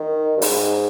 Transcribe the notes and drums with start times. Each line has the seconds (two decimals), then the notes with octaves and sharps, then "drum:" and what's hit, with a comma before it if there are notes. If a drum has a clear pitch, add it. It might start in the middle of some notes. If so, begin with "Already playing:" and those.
Already playing: D#3
0.37 G2
0.42 G#2, drum: open hi-hat